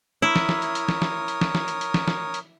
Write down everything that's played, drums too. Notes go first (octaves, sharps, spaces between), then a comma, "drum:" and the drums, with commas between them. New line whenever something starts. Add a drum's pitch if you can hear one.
E4 A#4 C#5 D#6
drum: snare
drum: snare
drum: hi-hat
drum: hi-hat
drum: snare
drum: snare
drum: hi-hat
drum: snare
drum: snare
drum: hi-hat
drum: hi-hat
drum: snare
drum: snare
drum: hi-hat